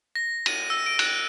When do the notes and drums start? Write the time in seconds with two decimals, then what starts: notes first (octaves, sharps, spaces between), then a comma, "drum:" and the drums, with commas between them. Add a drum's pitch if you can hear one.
0.16 A#6
0.46 D#7, drum: cymbal
0.70 E6
0.86 D7
0.99 F#6, drum: cymbal